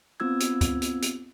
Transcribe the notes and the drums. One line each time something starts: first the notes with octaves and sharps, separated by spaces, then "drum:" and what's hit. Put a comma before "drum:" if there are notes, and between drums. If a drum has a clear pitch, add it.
B3 C4 F4 E6 G#6
drum: hi-hat
drum: kick C#2, hi-hat
drum: hi-hat
drum: hi-hat